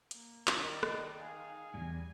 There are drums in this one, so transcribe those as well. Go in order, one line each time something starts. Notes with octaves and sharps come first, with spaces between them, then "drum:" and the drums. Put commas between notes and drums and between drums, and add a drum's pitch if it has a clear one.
A#3, drum: hi-hat
D#3 D5, drum: clap
A4 D#5, drum: rim click
D#4 G#4 F5
E2 G#2 G3 G#5